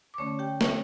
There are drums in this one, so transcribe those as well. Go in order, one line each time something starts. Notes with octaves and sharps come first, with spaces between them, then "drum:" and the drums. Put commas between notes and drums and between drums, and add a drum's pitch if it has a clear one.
D6
D3 A3 C#4 C#5 C#6
G4 G5
C#5 C#6, drum: snare